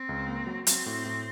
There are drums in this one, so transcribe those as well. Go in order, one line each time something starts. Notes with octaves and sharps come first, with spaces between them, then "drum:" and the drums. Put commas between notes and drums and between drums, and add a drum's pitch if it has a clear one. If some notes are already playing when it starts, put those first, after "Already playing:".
Already playing: C4
C#2
A#3
F#3
F#3 C4, drum: hi-hat
A2
A2